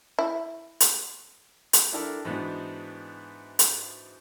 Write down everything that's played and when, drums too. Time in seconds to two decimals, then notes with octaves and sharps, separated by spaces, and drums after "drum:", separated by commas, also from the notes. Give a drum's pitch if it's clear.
0.19 E4
0.80 drum: hi-hat
1.73 drum: hi-hat
1.93 D4 E4 G4 A4 A#4 D5
2.25 G#2 E3 B3 D4 D#4 F#4
3.59 drum: hi-hat